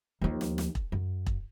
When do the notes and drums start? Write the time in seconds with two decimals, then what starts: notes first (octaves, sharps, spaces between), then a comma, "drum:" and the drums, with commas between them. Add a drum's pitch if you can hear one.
0.21 D#2 F3
0.41 drum: snare
0.58 drum: snare
0.75 drum: kick E1
0.92 F#2
1.26 drum: kick E1